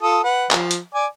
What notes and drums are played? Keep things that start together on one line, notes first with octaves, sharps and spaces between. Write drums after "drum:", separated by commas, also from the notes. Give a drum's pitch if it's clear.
F4 A4 D#6
B4 F#5
F3, drum: clap
drum: hi-hat
D5 G#5 D6